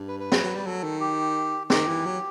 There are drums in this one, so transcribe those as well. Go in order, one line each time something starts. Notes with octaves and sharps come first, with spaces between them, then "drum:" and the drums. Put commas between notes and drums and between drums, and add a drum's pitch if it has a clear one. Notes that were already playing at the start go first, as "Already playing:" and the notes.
Already playing: G2
B4
B4
F#3, drum: snare
F#3
G3
F#3 A4
D#3
G4
D#3 G4, drum: snare
E3
F#3